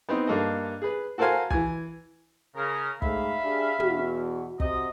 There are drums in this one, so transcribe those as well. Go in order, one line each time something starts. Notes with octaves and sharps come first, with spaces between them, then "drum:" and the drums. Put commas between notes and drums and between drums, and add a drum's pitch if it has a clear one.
B3 C4 D#4
G2 A#3 A4 D#5
G#4 B4
F#4 A4 A#4 C5 F5 G#5
E3 G#5, drum: kick
C#3 G#4 A#4
G#2 A3 E5 F5 B5, drum: kick
D4 G4 G#4
E2 B2 F#4, drum: tom
C3 F#4 D#5, drum: kick